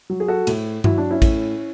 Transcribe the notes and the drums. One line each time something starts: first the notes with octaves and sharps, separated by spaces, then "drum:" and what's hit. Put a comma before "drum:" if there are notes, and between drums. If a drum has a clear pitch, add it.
F#3
G#4
F#4 A4
A2, drum: cymbal
F#3 E4, drum: tom G2
D4
C#4 E4
A2, drum: kick A1, cymbal